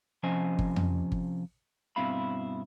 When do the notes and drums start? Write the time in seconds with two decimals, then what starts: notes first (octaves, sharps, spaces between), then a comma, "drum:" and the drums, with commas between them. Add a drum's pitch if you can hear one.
0.23 C3 F3 C#4 C5 D#5 G#5
0.59 drum: kick G1
0.76 drum: tom F2
1.12 drum: kick G1
1.96 G2 B2 C4 E4 F5 B5